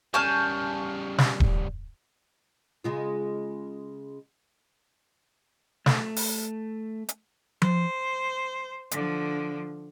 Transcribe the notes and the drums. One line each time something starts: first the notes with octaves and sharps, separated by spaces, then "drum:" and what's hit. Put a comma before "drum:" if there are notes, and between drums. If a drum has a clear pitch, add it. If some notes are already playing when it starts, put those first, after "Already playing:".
C#3 G3 G#5 A5 C#6 F6 G6
drum: snare
drum: kick D#1
C#3 G#3 F4
A3, drum: snare
drum: open hi-hat
drum: hi-hat
C5, drum: tom F3
D3 F3, drum: hi-hat